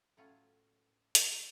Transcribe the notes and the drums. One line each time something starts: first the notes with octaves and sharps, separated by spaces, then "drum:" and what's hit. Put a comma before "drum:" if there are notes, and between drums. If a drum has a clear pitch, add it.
A2 F#3 C#4 F4
drum: hi-hat